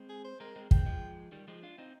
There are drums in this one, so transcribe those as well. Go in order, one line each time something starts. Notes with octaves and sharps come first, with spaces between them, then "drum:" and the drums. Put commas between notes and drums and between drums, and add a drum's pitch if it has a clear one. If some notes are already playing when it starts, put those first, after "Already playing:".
Already playing: G#3 C4
G#4
C5
G#3 C4 A#4
G#3 C4
G#3 C4 G5, drum: kick
F3 G#3
D#3 G3
F3 G#3
D4 F4
C4 D#4